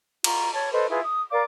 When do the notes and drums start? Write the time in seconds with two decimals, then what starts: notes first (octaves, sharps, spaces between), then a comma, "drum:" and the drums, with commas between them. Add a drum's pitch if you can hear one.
0.24 F4 A#5, drum: cymbal
0.53 C#5 A5
0.73 A4 B4 C5 D#5
0.90 E4 F4 G#4 B4
1.03 D#6
1.32 A#4 D5 F5 D6